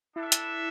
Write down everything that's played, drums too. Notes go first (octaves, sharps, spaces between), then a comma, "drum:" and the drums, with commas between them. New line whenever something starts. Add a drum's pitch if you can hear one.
D4 E4 A4 E5
drum: hi-hat